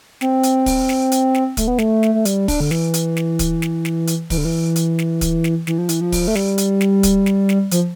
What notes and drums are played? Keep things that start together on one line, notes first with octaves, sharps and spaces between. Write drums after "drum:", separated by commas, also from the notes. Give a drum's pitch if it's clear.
C4, drum: snare
drum: hi-hat
drum: kick, open hi-hat
drum: snare
drum: hi-hat
drum: snare
A3, drum: kick, hi-hat
B3
A3, drum: snare
drum: snare
A3
G3, drum: hi-hat
D4, drum: kick, open hi-hat
D3
E3, drum: snare
drum: hi-hat
drum: snare
drum: kick, hi-hat
drum: snare
drum: snare
drum: hi-hat
E3, drum: kick, open hi-hat
D3
E3
drum: hi-hat
drum: snare
drum: kick, hi-hat
drum: snare
E3, drum: snare
F3
E3, drum: hi-hat
F3
drum: kick, open hi-hat
A3
G3, drum: snare
drum: hi-hat
drum: snare
drum: kick, hi-hat
drum: snare
drum: snare
F3, drum: hi-hat